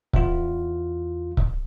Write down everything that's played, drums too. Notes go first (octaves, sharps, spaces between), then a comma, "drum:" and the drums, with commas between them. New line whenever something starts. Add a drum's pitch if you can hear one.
E2 F4, drum: kick C#1
drum: kick C#1